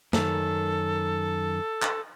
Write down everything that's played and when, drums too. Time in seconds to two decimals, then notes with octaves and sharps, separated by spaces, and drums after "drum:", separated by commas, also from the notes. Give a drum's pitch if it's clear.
0.13 F#2 D#3 A4, drum: snare
1.82 drum: clap